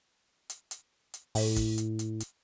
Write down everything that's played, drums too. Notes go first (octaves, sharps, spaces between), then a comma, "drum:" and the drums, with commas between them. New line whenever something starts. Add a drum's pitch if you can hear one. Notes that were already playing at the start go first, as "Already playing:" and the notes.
drum: hi-hat
drum: hi-hat
drum: hi-hat
A2, drum: open hi-hat
drum: kick, hi-hat
drum: hi-hat
drum: hi-hat
drum: hi-hat